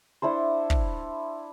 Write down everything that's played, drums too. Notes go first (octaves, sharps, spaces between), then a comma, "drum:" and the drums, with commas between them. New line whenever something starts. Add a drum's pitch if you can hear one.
D4 E4 A4 C5
drum: kick